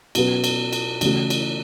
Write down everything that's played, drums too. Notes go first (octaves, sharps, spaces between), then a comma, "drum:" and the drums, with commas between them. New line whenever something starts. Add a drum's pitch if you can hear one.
B2 F#3 C#4 F#4 B4, drum: cymbal
drum: cymbal
drum: cymbal
C#3 E3 A3 C#4 F#4, drum: cymbal
drum: cymbal